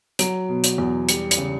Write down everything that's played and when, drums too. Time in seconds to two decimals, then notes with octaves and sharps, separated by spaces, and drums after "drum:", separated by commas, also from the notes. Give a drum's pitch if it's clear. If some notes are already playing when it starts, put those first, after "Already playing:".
0.19 F#3 D7, drum: hi-hat
0.49 B2
0.64 drum: hi-hat
0.78 E2
1.09 G3 C#7, drum: hi-hat
1.31 C#7, drum: hi-hat
1.38 C#3